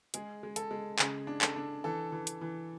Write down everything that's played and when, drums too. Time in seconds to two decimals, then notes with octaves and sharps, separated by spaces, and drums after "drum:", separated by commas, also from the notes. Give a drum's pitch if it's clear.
0.14 G#3 G#4, drum: hi-hat
0.43 G#3
0.56 A4, drum: hi-hat
0.71 G#3
0.99 C#3 G#4, drum: clap
1.27 D4
1.41 A4, drum: clap
1.56 D4
1.84 E3 A4
2.12 E3
2.27 drum: hi-hat
2.41 E3